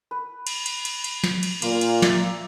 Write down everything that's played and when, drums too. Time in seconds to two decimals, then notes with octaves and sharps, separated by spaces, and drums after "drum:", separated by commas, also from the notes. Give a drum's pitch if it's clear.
0.11 B4
0.47 drum: cymbal
0.66 drum: cymbal
0.85 drum: cymbal
1.04 drum: cymbal
1.24 drum: snare
1.43 drum: cymbal
1.62 A#2 A#3 F4, drum: cymbal
1.81 drum: cymbal
2.02 D5 E5 A#5, drum: snare